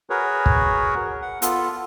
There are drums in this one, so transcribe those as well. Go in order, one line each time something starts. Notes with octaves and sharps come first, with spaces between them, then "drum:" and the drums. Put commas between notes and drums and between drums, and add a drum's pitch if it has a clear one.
F#4 G#4 A#4 B4 C#5
drum: kick
F#5
B3 F4 A4, drum: hi-hat